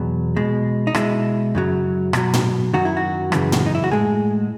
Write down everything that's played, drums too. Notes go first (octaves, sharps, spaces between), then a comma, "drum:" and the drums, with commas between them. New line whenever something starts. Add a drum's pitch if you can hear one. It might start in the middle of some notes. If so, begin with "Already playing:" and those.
Already playing: E2 B2 F#3
B2 G#3
D#4
B2 G#3 E4, drum: rim click
F#2 C#3 F#3
B2 F#3, drum: rim click
drum: tom
F#2 D#3 F#3 F#4
E4
F#4
F#2 C#3 E3, drum: rim click
drum: tom
D#4
E4
F#4
A2 G#3 G#4